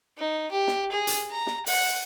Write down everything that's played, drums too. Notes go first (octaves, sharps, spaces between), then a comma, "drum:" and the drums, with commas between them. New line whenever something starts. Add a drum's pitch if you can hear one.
D#4
G4
drum: snare
G#4
drum: hi-hat
A#5
drum: snare
F#5, drum: open hi-hat